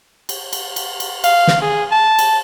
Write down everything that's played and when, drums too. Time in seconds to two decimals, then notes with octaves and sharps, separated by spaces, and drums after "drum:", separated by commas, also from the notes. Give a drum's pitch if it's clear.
0.29 drum: cymbal
0.53 drum: cymbal
0.76 drum: cymbal
1.00 drum: cymbal
1.24 F5, drum: cymbal
1.47 drum: snare
1.61 G#4
1.91 A5
2.19 drum: cymbal